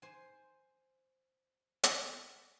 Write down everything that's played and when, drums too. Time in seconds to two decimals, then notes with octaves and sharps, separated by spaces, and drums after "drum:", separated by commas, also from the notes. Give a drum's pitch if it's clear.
0.02 C5 G#5
1.84 drum: hi-hat